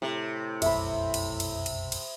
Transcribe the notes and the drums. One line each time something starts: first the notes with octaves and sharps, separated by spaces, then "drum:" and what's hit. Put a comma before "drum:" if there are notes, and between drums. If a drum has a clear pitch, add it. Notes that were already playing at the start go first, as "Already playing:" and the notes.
A2 C3
F1 B1 F#2 E5 B5, drum: cymbal
drum: cymbal
drum: cymbal
drum: cymbal
drum: cymbal